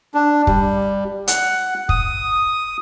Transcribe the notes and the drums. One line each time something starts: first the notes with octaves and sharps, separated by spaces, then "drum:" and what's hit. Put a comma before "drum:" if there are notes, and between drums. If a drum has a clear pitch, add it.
D4
G3, drum: kick
F#5, drum: hi-hat
D#6, drum: kick